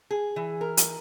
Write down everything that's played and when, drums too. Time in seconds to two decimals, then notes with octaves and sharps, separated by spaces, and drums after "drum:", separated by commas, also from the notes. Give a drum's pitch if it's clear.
0.11 G#4
0.36 E3
0.61 A#4
0.77 drum: hi-hat